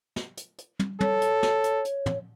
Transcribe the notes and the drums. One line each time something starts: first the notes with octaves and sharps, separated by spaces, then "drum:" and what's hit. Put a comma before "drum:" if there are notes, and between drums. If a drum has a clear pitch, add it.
drum: snare
drum: hi-hat
drum: hi-hat
drum: tom
A4 C#5, drum: tom
drum: hi-hat
drum: snare
drum: hi-hat
drum: hi-hat
drum: tom